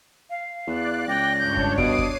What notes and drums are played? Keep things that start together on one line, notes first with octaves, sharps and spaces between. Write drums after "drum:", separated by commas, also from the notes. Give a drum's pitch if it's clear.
F5
E2 D5 F#6
C#2 G5 A#6
G2 D4 C#5 G6
drum: kick
B2 D6 D#6 C7 D7 D#7, drum: kick
drum: kick